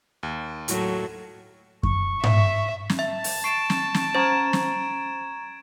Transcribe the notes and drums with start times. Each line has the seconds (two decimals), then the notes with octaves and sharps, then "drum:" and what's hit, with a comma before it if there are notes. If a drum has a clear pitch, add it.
0.23 D#2
0.68 A2 F#3 A3, drum: hi-hat
1.83 C#6, drum: kick F#2
2.24 E5, drum: tom G#2
2.90 drum: snare
2.99 E5 A5
3.24 drum: open hi-hat
3.44 C#6 A6 C7 D7 E7
3.70 drum: snare
3.94 drum: snare
4.15 C#4 C5 A#5 C#6 G#6 A6 D7 E7
4.53 drum: snare